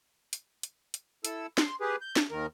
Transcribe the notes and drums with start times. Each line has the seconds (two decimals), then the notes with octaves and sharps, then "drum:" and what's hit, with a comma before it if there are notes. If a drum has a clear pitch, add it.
0.33 drum: hi-hat
0.63 drum: hi-hat
0.94 drum: hi-hat
1.25 E4 A4 E6, drum: hi-hat
1.58 C6, drum: snare
1.81 G4 G#4 B4
2.01 G6
2.16 drum: snare
2.31 D#2 D#3 A#4